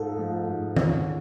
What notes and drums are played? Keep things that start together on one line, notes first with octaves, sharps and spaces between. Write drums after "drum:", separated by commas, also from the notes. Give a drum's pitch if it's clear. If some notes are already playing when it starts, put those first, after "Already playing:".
Already playing: G#2 F3 D#4 A4
F3
G#2
C#4, drum: tom D#3